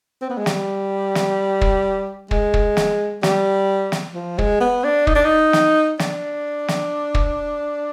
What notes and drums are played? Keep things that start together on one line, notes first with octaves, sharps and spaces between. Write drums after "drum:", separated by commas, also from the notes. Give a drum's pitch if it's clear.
C4
B3
G#3
G3, drum: snare
drum: snare
drum: kick
G#3, drum: kick
drum: kick
drum: snare
G3, drum: snare
drum: snare
F3
G#3, drum: kick
B3
D4
D#4, drum: kick
D4
D#4
drum: snare
D4, drum: snare
drum: snare
drum: kick